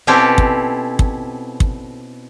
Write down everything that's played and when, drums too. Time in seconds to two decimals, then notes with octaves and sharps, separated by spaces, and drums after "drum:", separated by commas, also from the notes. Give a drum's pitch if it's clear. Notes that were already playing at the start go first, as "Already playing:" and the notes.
0.07 B2 C4 C#4 E4 G4 A4
0.38 drum: kick
0.99 drum: kick
1.60 drum: kick